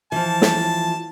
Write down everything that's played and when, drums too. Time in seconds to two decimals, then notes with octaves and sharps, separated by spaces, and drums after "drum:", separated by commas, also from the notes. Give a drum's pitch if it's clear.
0.12 E3 F3 A5
0.42 drum: snare